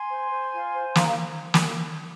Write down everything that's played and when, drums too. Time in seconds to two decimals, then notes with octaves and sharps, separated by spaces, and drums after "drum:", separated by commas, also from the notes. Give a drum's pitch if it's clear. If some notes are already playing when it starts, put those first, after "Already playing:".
Already playing: G#5 C6
0.09 C5
0.31 C5
0.52 F4
0.74 C5
0.95 D#4 F5 A#5, drum: snare
1.06 F5
1.54 drum: snare